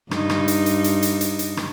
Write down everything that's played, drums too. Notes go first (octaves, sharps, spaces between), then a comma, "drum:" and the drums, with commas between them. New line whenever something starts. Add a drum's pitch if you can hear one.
G2 D#4, drum: rim click
drum: rim click
drum: hi-hat
drum: hi-hat
drum: hi-hat
drum: hi-hat
drum: hi-hat
drum: hi-hat
drum: rim click